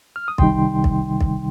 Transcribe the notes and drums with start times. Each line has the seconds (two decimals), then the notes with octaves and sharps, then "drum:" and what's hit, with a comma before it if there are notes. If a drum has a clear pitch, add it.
0.16 F6
0.28 D#6
0.38 C2 C3 D#3 G3 D#4 G5 C6, drum: kick
0.84 drum: kick
1.21 drum: kick